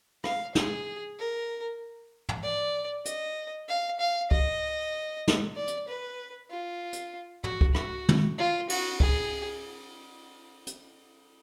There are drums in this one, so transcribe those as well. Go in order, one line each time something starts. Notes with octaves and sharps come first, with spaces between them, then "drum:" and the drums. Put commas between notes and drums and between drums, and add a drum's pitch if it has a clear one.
F5, drum: rim click
G#4, drum: snare
A#4
drum: tom
D5
D#5, drum: hi-hat
F5
F5
D#5, drum: kick C#2
drum: snare
D5
drum: hi-hat
B4
F4
drum: hi-hat
F#4, drum: tom
drum: kick C#2
F#4, drum: rim click
drum: tom
F4
F#4, drum: cymbal
G#4, drum: kick C#2
drum: hi-hat